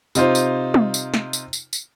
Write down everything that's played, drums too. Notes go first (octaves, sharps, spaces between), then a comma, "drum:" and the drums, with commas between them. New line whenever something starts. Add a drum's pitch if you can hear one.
C3 D#4 F4 C5, drum: tambourine
drum: tambourine
drum: tom
drum: tambourine
drum: snare
drum: tambourine
drum: tambourine
drum: tambourine